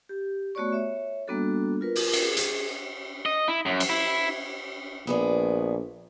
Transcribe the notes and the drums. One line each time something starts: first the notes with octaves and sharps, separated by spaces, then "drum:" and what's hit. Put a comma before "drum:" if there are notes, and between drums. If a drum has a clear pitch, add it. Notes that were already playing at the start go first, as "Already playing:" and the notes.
G4
A3 B3 F#4 C#5 D5 C#6
C#5 E5
G3 A#3 B3 D4 F#4 A4
F4 A#4 B4
drum: open hi-hat
drum: cymbal
G#4
drum: hi-hat
D#5
E4
F#2
drum: cymbal
E4
A#1 B3 G#4 D5